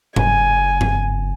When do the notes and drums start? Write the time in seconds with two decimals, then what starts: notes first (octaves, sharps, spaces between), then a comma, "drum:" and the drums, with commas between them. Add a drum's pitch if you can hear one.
0.16 F#1 G#5, drum: tom G#2
0.81 drum: tom G2